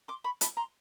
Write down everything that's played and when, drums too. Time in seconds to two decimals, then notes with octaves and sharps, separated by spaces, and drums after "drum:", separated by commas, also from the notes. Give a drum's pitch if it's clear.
0.08 C6 D6
0.24 B5 C#6
0.41 A5 B5, drum: hi-hat
0.57 A#5 C6